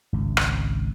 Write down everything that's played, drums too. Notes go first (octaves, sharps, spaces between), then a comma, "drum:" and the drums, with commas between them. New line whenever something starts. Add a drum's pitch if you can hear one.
G#1 C#2
drum: rim click